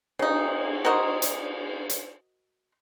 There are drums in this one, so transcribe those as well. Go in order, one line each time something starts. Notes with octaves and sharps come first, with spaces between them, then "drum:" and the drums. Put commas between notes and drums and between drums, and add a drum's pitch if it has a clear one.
C#3 D#4, drum: cymbal
F#4 A#4 C5 D#5
drum: hi-hat
drum: hi-hat